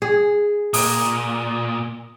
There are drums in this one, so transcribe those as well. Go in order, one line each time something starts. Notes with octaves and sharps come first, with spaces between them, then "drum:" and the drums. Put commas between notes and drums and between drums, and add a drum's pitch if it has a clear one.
G#4
A#2 D#6, drum: open hi-hat